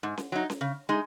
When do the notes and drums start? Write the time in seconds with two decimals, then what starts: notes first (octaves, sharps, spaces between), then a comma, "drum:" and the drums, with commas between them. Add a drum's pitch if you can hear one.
0.03 G#2
0.17 drum: snare C#4
0.32 F#3 D#4
0.50 drum: snare C#4
0.61 C#3
0.89 G#3 D#4